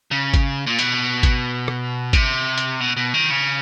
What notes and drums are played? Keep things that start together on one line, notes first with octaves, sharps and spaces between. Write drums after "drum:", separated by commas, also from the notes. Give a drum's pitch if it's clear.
C#3
drum: kick G#1, hi-hat
A#2
B2, drum: hi-hat
drum: kick G#1, hi-hat
drum: rim click
C3, drum: kick G#1, hi-hat
drum: hi-hat
B2
B2
D#3
C#3